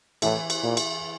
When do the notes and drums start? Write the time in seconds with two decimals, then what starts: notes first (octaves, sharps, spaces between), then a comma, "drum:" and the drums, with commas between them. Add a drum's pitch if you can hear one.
0.22 A2 E3 E4, drum: cymbal
0.50 drum: cymbal
0.63 A#2
0.77 drum: cymbal